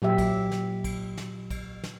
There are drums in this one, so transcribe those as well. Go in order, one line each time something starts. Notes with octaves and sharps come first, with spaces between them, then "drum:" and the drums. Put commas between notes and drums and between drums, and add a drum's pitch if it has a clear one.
A#2 F#3 G4 E5
drum: kick, cymbal
drum: snare
drum: kick, cymbal
drum: snare
drum: kick, cymbal
drum: snare